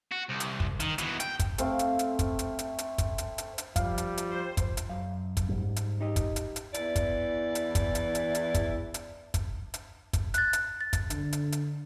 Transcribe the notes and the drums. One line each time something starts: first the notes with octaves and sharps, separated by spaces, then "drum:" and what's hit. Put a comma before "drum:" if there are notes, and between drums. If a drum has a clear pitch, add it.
F#4
C2
drum: hi-hat
drum: kick
D#3, drum: hi-hat
B2 E3, drum: hi-hat
G5, drum: hi-hat
drum: kick, hi-hat
A3 C4 F5, drum: hi-hat
drum: hi-hat
drum: hi-hat
drum: kick, hi-hat
drum: hi-hat
drum: hi-hat
drum: hi-hat
drum: kick, hi-hat
drum: hi-hat
drum: hi-hat
drum: hi-hat
F3 G3 F5, drum: kick, hi-hat
drum: hi-hat
drum: hi-hat
C5
drum: kick, hi-hat
drum: hi-hat
F#2 F5
drum: kick, hi-hat
G#2 G3
drum: hi-hat
D#4 G4 D#5
drum: kick, hi-hat
drum: hi-hat
drum: hi-hat
E2 E3 E4 D5, drum: hi-hat
drum: kick, hi-hat
drum: hi-hat
drum: kick, hi-hat
drum: hi-hat
drum: hi-hat
drum: hi-hat
drum: kick, hi-hat
drum: hi-hat
drum: kick, hi-hat
drum: hi-hat
drum: kick, hi-hat
F#6 A6, drum: hi-hat
drum: hi-hat
A6
drum: kick, hi-hat
D3, drum: hi-hat
drum: hi-hat
drum: hi-hat